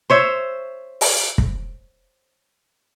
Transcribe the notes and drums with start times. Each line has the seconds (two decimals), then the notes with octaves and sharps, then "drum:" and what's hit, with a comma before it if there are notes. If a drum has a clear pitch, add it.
0.10 C5 C#5 E5
1.01 drum: open hi-hat
1.38 drum: kick